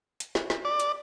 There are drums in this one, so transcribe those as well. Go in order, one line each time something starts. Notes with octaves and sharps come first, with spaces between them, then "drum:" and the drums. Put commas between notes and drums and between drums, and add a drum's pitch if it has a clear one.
drum: hi-hat
drum: snare
drum: snare
D5
drum: hi-hat